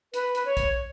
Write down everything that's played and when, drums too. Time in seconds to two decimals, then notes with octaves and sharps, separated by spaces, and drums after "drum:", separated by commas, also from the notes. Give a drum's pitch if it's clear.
0.14 B4, drum: hi-hat
0.35 drum: hi-hat
0.45 C#5
0.57 drum: kick, hi-hat